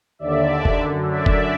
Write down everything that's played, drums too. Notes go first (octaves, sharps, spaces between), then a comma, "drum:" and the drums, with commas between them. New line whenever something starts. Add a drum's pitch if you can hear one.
D#2 D3 D5 E5
drum: kick F1
F#2 D3
D5 E5
drum: kick F1